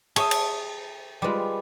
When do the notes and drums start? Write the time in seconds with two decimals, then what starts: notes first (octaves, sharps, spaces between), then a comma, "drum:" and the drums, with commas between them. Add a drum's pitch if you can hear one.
0.16 G#4 C#5 E5 A5 D#6, drum: cymbal
0.31 drum: cymbal
1.22 G3 G#3 F4 B4 D6